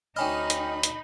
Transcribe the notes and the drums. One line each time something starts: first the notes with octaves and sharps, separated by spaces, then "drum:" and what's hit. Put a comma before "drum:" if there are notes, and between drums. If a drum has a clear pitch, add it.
D2 C#4 D#4 D#5 G5 G#5 B5 F6
drum: hi-hat
drum: hi-hat